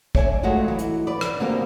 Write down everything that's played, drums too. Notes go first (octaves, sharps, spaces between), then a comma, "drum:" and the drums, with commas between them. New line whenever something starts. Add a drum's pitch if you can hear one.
C#5 D5 E5 G#5, drum: kick
F#3 G#3 A3 F4 F#4 G#4
E3
drum: hi-hat
B4 D5
drum: rim click
D3 F#3 A#3 C4 G4 G#4